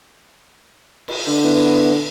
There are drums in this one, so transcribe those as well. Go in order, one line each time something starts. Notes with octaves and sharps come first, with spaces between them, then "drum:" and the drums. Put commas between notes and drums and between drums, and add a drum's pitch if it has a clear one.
drum: cymbal
D3
B3 E4